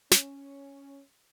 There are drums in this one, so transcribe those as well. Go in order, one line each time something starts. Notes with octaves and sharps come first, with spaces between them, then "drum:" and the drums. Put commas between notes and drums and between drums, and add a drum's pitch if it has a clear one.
C#4, drum: snare